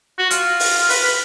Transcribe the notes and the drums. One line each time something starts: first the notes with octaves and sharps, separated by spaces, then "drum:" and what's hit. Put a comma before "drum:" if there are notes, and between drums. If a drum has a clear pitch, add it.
F#4
F4, drum: hi-hat
drum: open hi-hat
B4, drum: open hi-hat
B4